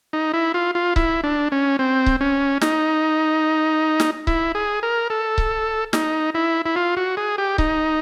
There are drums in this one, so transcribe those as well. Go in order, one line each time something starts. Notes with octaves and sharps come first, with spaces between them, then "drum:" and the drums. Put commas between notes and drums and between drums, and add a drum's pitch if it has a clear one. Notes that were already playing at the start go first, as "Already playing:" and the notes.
D#4
E4
F4
F4
E4, drum: kick C#1
D4
C#4
C4
drum: kick C#1
C#4
D#4, drum: snare
drum: snare
E4, drum: kick C#1
G#4
A#4
A4
drum: kick C#1
D#4, drum: snare
E4
E4
F4
F#4
G#4
G4
D#4, drum: kick C#1